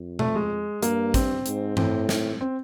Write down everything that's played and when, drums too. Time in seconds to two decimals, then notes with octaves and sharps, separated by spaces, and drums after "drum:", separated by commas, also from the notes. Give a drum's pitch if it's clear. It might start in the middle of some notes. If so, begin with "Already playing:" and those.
Already playing: F2
0.19 A3, drum: tom B2
0.35 G#3
0.83 G2 A#3, drum: hi-hat
1.14 C4, drum: kick, hi-hat
1.46 G#2, drum: hi-hat
1.77 A2 C4, drum: tom
2.09 drum: snare
2.41 C4